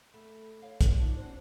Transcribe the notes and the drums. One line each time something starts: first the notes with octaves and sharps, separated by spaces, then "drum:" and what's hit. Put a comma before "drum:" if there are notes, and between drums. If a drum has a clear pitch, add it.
A3 B5
C#5 F5
drum: kick, hi-hat
D4 D#4 F4
B3 C#4 F#4 C5